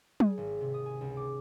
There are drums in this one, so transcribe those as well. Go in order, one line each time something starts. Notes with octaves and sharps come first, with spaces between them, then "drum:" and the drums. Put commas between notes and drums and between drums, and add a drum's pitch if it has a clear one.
G#4, drum: tom F#3
G#1
C3
D#6
G#5
C#2
D6